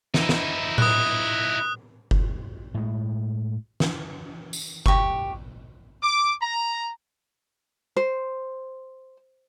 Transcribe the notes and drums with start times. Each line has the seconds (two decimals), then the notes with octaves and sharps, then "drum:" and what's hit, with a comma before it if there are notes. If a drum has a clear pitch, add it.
0.14 D#4 E4, drum: snare
0.29 drum: snare
0.78 D#6 F#6, drum: tom A2
2.11 drum: kick F#1
2.74 A2 G#3
3.80 drum: snare
4.53 drum: tambourine
4.86 G4 C#6, drum: kick F#1
6.03 D6
6.41 A#5
7.97 C5